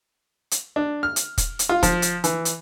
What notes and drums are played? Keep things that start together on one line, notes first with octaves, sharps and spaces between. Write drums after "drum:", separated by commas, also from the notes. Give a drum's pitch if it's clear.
drum: hi-hat
D4
F6
drum: hi-hat
drum: kick, hi-hat
drum: hi-hat
F4
F3, drum: kick, hi-hat
drum: hi-hat
E3, drum: hi-hat
drum: hi-hat